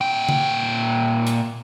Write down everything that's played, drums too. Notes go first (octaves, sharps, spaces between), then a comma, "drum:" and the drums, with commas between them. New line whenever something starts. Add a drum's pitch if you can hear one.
A#2 G5
drum: tom C#3
drum: hi-hat